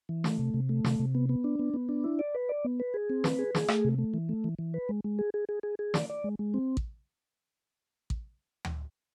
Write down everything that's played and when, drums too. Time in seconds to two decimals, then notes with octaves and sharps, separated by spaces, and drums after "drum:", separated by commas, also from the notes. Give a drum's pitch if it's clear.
0.09 E3
0.24 A3, drum: snare
0.39 C3
0.54 C3
0.69 A3
0.84 C3, drum: snare
0.99 C3
1.15 B3
1.29 B3
1.44 D4
1.59 B3
1.74 B3
1.89 D4
2.04 E4
2.19 D5
2.35 B4
2.49 D5
2.65 B3
2.80 B4
2.94 G#4
3.10 C4
3.24 B4, drum: snare
3.39 G#4
3.55 G#4, drum: snare
3.68 A3, drum: rim click
3.85 C3
3.98 A3
4.14 E3
4.29 A3
4.44 E3
4.59 E3
4.74 B4
4.89 G#3
5.04 G#3
5.19 G#4
5.34 G#4
5.49 G#4
5.63 G#4
5.79 G#4
5.94 D5, drum: snare
6.09 D5
6.24 G#3
6.39 G#3
6.54 C4
6.77 drum: kick A1
8.10 drum: kick A1
8.65 drum: tom D2